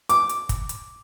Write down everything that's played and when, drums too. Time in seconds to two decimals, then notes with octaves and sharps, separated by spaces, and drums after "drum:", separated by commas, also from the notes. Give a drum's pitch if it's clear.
0.09 D6, drum: hi-hat
0.29 drum: hi-hat
0.49 drum: kick, hi-hat
0.69 drum: hi-hat